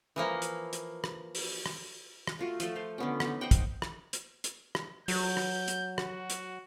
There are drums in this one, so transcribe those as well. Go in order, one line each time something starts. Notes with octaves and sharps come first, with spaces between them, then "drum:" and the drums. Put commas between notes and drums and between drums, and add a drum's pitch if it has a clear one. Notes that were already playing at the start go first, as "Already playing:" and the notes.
E3 F3 A#3
drum: hi-hat
drum: hi-hat
drum: rim click
drum: open hi-hat
drum: rim click
drum: rim click
A3 F4 F#4
F3 A3 A4, drum: hi-hat
C5 F5
D3 B3 C#4
B3 D#4, drum: rim click
C5 D#5 F#5 G5
drum: kick, hi-hat
drum: rim click
drum: hi-hat
drum: hi-hat
drum: rim click
F#3 G6, drum: open hi-hat
drum: rim click
drum: hi-hat
F#4, drum: rim click
drum: hi-hat